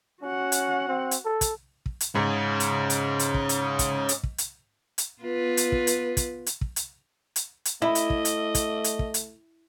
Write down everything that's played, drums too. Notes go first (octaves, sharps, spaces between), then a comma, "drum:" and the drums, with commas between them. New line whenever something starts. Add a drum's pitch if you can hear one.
C#4 F#4 F#5
drum: hi-hat
C4
drum: hi-hat
A4
drum: kick, hi-hat
drum: kick
drum: hi-hat
G#2 C#4 G#4
drum: hi-hat
drum: hi-hat
drum: hi-hat
drum: kick
drum: hi-hat
drum: kick, hi-hat
drum: hi-hat
drum: kick
drum: hi-hat
drum: hi-hat
B3 F4 B4
drum: hi-hat
drum: kick
drum: hi-hat
drum: kick, hi-hat
drum: hi-hat
drum: kick
drum: hi-hat
drum: hi-hat
drum: hi-hat
A3 E4 D#5 E5 B5
drum: hi-hat
drum: kick
drum: hi-hat
drum: kick, hi-hat
drum: hi-hat
drum: kick
drum: hi-hat